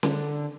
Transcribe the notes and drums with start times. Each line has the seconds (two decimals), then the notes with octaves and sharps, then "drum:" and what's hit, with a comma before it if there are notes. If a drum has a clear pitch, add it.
0.03 D3, drum: snare